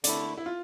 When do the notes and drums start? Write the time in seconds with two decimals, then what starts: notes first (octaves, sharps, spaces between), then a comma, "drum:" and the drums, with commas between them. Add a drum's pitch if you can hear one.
0.04 D3 A3 E4 D5, drum: hi-hat
0.37 E4
0.46 F4